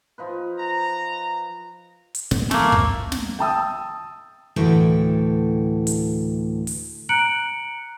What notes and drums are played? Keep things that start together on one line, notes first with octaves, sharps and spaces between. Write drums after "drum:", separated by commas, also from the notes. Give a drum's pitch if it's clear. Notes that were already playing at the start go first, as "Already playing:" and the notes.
F3 D#4 B4
A#5
drum: hi-hat
G2, drum: snare
E3 A3 A#3, drum: snare
B1 F3 C4, drum: kick
drum: snare
G5 A5 D#6 E6
D2 A2 E3 A4 G5
drum: hi-hat
drum: open hi-hat
A#5 F#6 C#7 D7 F#7